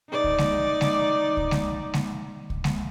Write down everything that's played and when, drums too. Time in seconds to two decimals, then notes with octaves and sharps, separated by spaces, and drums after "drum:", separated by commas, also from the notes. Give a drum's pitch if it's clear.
0.10 D#4 D5
0.24 drum: kick C2
0.38 drum: snare G#3
0.81 drum: snare G#3
1.37 drum: kick C2
1.51 drum: snare G#3
1.94 drum: snare G#3
2.50 drum: kick C2
2.64 drum: snare G#3